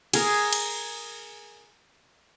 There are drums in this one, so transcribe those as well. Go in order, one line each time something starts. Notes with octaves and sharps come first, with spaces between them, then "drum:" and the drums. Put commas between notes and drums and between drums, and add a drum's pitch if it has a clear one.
G#4 A#4, drum: cymbal
drum: cymbal